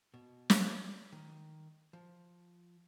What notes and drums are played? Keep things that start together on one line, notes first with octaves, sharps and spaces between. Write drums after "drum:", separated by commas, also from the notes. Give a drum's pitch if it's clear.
B2
drum: snare
D5
D#3
F3